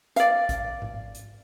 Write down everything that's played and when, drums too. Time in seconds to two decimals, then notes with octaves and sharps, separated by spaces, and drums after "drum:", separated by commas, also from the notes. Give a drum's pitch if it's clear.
0.16 D5 F5, drum: hi-hat
0.49 drum: kick G#1, hi-hat
0.82 drum: tom G#2
1.15 drum: hi-hat